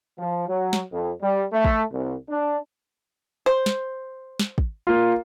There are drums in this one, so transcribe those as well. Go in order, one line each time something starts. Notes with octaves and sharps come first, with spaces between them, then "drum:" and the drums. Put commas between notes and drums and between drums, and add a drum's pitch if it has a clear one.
F3
F#3
drum: snare
F2
G3
A3
drum: kick
C2
D4
C5
drum: snare
drum: snare
drum: kick
A#3 F4